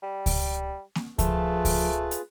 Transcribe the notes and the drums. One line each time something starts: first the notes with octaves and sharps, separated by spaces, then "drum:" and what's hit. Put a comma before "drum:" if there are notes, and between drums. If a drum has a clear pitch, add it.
G3
drum: kick C#2, open hi-hat
drum: snare A#3
F3 A3 F4 G#4 B4, drum: kick C#2, hi-hat
drum: kick C#2, open hi-hat
drum: hi-hat